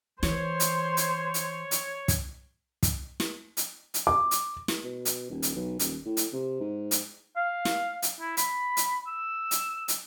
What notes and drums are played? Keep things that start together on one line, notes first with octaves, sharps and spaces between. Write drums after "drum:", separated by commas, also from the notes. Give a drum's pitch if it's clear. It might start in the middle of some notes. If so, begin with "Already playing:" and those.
E3 C5 C#5, drum: snare
drum: hi-hat
drum: hi-hat
drum: hi-hat
drum: hi-hat
drum: kick, hi-hat
drum: kick, hi-hat
drum: snare
drum: hi-hat
drum: hi-hat
D6
drum: hi-hat
drum: snare
B2
drum: hi-hat
D#1
drum: hi-hat
B1
D#1, drum: hi-hat
A2
drum: hi-hat
C3
G#2
drum: hi-hat
F5
drum: snare
drum: hi-hat
E4
B5, drum: hi-hat
drum: hi-hat
E6
drum: hi-hat
drum: hi-hat